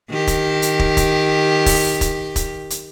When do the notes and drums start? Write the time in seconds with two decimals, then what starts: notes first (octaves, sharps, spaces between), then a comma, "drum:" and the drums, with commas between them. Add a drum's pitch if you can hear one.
0.10 D#3 G4
0.27 drum: kick, hi-hat
0.62 drum: hi-hat
0.79 drum: kick
0.97 drum: kick, hi-hat
1.66 drum: kick, open hi-hat
2.01 drum: kick, hi-hat
2.36 drum: kick, hi-hat
2.70 drum: hi-hat